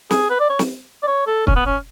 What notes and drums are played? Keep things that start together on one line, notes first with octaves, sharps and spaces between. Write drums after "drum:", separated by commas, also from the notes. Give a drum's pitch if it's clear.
G#4, drum: snare
B4
D5
C#5
drum: snare
D5
C#5
A4
C#4, drum: kick
B3
C#4